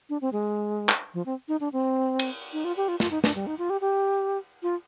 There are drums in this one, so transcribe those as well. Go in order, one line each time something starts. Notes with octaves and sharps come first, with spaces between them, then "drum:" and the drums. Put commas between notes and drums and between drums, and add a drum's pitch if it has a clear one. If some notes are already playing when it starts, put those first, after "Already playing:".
D4
C4
G#3
drum: clap
F3
C4
D#4
D4
C4
drum: cymbal
D#4
F4
G4
F4
F4, drum: snare
D#4
D4, drum: snare
G3
D#4
F4
G4
G4
F4